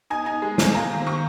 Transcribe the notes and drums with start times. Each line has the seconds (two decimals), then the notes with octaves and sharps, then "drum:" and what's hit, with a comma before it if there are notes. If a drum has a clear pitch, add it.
0.10 D#4 G#5
0.26 D#4
0.42 G#3
0.58 C4 G#5, drum: snare
0.74 A#3 A#5
0.91 D#3
1.06 D#3 C#6